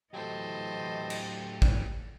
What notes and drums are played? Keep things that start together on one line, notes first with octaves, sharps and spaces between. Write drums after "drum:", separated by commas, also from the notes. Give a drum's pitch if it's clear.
A2 E3 F#3 G4 A4 C5 D#5
drum: cymbal
drum: kick